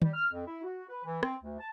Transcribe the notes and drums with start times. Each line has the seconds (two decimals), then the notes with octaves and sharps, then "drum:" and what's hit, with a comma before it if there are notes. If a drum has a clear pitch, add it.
0.02 G3, drum: tom
0.13 F6
0.32 F2
0.45 E4
0.63 F#4
0.88 B4
1.04 E3
1.23 C4, drum: rim click
1.43 D2
1.59 A5